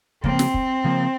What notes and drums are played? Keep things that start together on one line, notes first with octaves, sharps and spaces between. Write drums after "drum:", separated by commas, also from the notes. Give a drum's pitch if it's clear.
C#3 F3 A#3 C4, drum: kick
drum: snare
drum: kick
C#3 F3 A#3